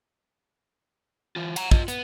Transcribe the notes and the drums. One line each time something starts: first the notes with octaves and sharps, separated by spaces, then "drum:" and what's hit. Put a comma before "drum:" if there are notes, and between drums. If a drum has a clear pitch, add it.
E3 F4
F#5 A#5, drum: cymbal
F4 D#5, drum: kick
B3, drum: hi-hat